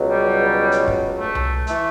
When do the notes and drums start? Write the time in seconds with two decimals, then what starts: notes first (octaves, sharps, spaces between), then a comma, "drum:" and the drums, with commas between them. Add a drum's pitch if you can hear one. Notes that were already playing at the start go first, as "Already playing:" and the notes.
Already playing: C#2 B2 F#3
0.09 G3
0.72 drum: hi-hat
0.88 drum: kick
1.20 A3
1.35 drum: tom C2
1.67 E3 A3, drum: hi-hat